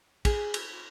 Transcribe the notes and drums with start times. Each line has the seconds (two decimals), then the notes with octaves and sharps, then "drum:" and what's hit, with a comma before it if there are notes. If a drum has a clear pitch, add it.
0.25 G#4, drum: kick, cymbal
0.54 drum: cymbal